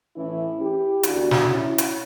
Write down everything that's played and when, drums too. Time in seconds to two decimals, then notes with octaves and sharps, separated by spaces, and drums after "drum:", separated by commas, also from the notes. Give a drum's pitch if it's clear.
0.16 A2 E3 C#4 E4
0.60 E4 G4
1.03 E2 D3 D4 F#4, drum: hi-hat
1.31 drum: snare
1.48 C#4 E4
1.78 drum: hi-hat